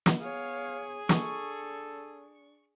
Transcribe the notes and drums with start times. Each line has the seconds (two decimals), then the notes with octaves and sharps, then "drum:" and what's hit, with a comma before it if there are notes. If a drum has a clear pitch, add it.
0.06 drum: snare
0.20 B3 G#4 C#5 F5
1.09 D4 A4 C#6, drum: snare